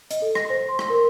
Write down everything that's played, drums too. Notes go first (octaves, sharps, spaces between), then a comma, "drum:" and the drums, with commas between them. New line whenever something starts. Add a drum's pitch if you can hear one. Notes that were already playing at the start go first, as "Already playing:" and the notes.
D#5, drum: hi-hat
A4
A#6, drum: rim click
C5
C6
drum: rim click
A#4